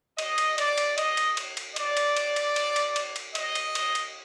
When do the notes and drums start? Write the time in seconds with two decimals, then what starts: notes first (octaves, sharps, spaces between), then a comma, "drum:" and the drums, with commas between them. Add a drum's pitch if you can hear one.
0.18 D#5, drum: cymbal
0.38 drum: cymbal
0.58 D5, drum: cymbal
0.78 drum: cymbal
0.98 D#5, drum: cymbal
1.17 drum: cymbal
1.37 drum: cymbal
1.57 drum: cymbal
1.76 D5, drum: cymbal
1.97 drum: cymbal
2.16 drum: cymbal
2.36 drum: cymbal
2.56 drum: cymbal
2.76 drum: cymbal
2.96 drum: cymbal
3.16 drum: cymbal
3.35 D#5, drum: cymbal
3.55 drum: cymbal
3.75 drum: cymbal
3.95 drum: cymbal